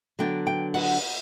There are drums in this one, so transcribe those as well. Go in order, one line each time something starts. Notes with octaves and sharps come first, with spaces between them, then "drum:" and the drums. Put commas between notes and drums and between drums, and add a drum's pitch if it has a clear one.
D3 F#3 B3 D4 G5
G5
F#5, drum: cymbal